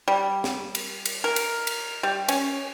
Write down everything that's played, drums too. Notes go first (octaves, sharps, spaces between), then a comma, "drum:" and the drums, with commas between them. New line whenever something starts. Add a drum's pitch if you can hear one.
G3
drum: snare
drum: cymbal
drum: cymbal
A#4
drum: cymbal
drum: cymbal
G3
C#4, drum: cymbal